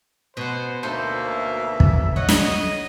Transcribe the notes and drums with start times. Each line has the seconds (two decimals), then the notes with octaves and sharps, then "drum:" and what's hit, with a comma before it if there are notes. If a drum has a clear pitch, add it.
0.37 B2 C5 F#5
0.83 D2 B2 A#3 D#4 A4 C5 E5
1.80 drum: kick
2.16 C#5 D#5 F#5
2.29 drum: snare